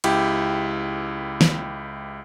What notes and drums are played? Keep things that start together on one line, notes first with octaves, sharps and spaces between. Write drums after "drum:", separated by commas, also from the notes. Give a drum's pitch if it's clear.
C#2 E4 G4, drum: cymbal
drum: snare